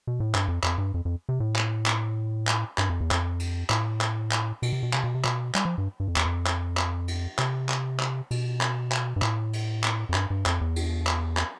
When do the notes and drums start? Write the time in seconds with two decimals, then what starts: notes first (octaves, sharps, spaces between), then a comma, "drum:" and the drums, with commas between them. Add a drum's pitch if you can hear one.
0.07 B2
0.20 A2
0.35 G2, drum: clap
0.48 F2
0.63 F2, drum: clap
0.78 G2
0.94 F2
1.05 F2
1.29 C3
1.40 A2
1.55 drum: clap
1.86 drum: clap
2.47 drum: clap
2.78 G2, drum: clap
2.90 F2
3.01 E2
3.11 F2, drum: clap
3.40 drum: cymbal
3.70 A2, drum: clap
4.01 drum: clap
4.32 drum: clap
4.62 B2, drum: cymbal
4.73 C3
4.83 B2
4.93 C3, drum: clap
5.04 B2
5.14 C3
5.24 B2, drum: clap
5.55 G3, drum: clap
5.65 F3
5.78 G2
6.00 G2
6.08 F2
6.16 E2, drum: clap
6.25 F2
6.46 drum: clap
6.77 drum: clap
7.08 drum: cymbal
7.39 C3, drum: clap
7.69 drum: clap
8.00 drum: clap
8.31 B2, drum: cymbal
8.61 drum: clap
8.92 drum: clap
9.16 G2
9.22 A2, drum: clap
9.53 drum: cymbal
9.84 drum: clap
10.09 F2
10.14 G2, drum: clap
10.30 G2
10.46 F2, drum: clap
10.61 E2
10.76 drum: cymbal
11.07 drum: clap
11.37 drum: clap